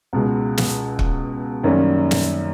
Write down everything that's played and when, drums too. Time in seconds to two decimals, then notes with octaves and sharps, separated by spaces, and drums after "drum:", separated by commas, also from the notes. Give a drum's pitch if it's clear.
0.13 C#2 B2 G#3
0.57 drum: snare
0.99 drum: kick
1.63 F#2 D#3 G3 A#3 C#4
2.11 drum: snare